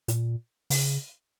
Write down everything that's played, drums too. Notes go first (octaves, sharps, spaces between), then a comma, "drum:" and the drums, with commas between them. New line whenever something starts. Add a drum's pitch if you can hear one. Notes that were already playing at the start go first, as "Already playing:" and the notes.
A#2, drum: hi-hat
C#3, drum: open hi-hat